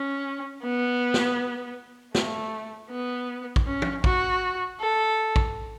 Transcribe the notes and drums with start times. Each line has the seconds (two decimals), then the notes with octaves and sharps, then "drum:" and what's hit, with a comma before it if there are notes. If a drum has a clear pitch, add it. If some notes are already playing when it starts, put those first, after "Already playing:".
Already playing: C#4
0.63 B3
1.14 drum: snare
2.15 A3, drum: snare
2.90 B3
3.56 drum: kick A1
3.66 C#4
3.82 drum: tom
4.04 F#4, drum: kick A1
4.80 A4
5.36 drum: kick A1